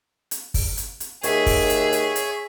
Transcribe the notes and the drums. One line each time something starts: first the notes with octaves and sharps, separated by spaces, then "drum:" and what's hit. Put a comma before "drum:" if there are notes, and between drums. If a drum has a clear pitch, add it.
drum: hi-hat
drum: kick, open hi-hat
drum: hi-hat
drum: hi-hat
D#2 G#4 C#5 E5, drum: hi-hat
drum: kick, open hi-hat
drum: hi-hat
drum: hi-hat
drum: hi-hat